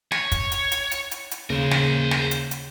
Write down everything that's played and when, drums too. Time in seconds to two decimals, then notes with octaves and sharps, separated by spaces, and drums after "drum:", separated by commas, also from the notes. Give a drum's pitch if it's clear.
0.12 C#5, drum: snare
0.32 drum: kick, hi-hat
0.52 drum: hi-hat
0.72 drum: hi-hat
0.91 drum: hi-hat
1.11 drum: hi-hat
1.31 drum: hi-hat
1.50 D#2 C#3 A#4 C5
1.71 drum: snare
2.11 drum: snare
2.31 drum: hi-hat
2.51 drum: hi-hat